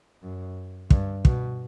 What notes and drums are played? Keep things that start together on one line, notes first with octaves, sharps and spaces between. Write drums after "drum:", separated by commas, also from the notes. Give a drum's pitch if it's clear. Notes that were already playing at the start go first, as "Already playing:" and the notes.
F#2
G2, drum: kick
B2, drum: kick